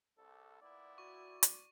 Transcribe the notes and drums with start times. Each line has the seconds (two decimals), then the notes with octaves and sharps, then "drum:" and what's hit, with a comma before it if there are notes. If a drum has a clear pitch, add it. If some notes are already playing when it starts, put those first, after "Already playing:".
0.18 C2 A4
0.62 A#2 B3 E4 D5
0.98 F#4 C#6
1.43 drum: hi-hat